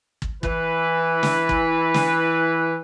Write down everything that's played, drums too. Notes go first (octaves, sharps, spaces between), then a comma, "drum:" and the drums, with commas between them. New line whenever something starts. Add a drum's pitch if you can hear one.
drum: kick
E3 B4, drum: kick
drum: snare
drum: kick
drum: snare